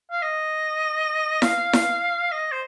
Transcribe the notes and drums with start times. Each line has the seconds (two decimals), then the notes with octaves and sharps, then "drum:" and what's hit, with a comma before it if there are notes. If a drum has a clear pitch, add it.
0.11 F5
0.22 D#5
1.42 F5, drum: snare E4
1.73 drum: snare E4
2.32 D#5
2.52 C5